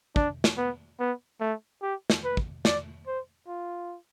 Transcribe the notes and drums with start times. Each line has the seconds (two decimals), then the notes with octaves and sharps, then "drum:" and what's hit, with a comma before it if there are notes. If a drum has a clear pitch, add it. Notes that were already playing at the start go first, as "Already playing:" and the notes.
0.16 D4, drum: kick
0.44 drum: snare
0.57 B3
1.00 B3
1.41 A3
1.82 G4
2.10 drum: snare
2.24 B4
2.37 drum: kick
2.65 D5, drum: snare
3.07 C5
3.47 F4